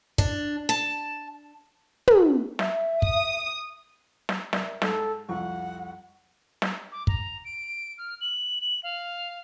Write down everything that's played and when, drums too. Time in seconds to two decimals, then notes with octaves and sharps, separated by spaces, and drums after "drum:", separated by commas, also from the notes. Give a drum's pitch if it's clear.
0.18 D4, drum: kick
0.69 A5
2.07 drum: tom
2.59 E5, drum: snare
3.02 D#6, drum: kick
4.29 drum: snare
4.53 A#4 D5 E5, drum: snare
4.82 G#2 A4, drum: snare
5.29 C2 F2 F#5 C#6
6.62 drum: snare
6.92 D6
7.07 A#5, drum: kick
7.44 D7
7.98 F6
8.20 F#7
8.61 F#7
8.83 F5